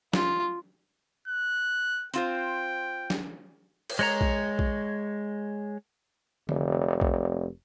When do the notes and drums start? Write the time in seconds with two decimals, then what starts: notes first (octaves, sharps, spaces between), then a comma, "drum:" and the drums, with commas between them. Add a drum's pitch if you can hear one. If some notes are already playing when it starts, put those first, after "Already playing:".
0.13 F4, drum: snare
1.28 F#6
2.14 C4 F4 C5 G5, drum: hi-hat
3.10 drum: snare
3.90 drum: cymbal
3.99 G#3 C#5 A#5
4.21 drum: kick A#1
4.59 drum: kick A#1
6.49 F1, drum: tom D3
7.01 drum: kick A#1